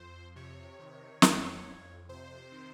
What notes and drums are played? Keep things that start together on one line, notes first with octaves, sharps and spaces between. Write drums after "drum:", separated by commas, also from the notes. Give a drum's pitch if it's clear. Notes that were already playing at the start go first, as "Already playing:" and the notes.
Already playing: F2 C5
C3 C#5
D#3
F2, drum: snare
F2
C3 C5
D#3